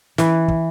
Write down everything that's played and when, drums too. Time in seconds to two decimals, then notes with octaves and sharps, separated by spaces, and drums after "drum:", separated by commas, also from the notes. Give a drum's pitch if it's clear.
0.18 E3, drum: snare
0.48 drum: kick